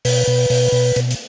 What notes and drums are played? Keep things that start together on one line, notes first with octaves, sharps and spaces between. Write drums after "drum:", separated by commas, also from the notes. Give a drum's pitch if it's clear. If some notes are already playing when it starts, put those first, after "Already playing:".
B2 B4, drum: open hi-hat
B2
B2, drum: open hi-hat
B2
B2, drum: hi-hat
drum: hi-hat